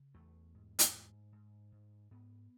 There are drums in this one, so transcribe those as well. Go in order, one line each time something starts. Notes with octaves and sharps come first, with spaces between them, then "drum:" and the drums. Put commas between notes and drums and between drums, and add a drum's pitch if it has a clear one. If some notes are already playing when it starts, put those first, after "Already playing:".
Already playing: C#3
E2 A3
G#2
drum: hi-hat
G#2
G#2
G#2
G#2 B3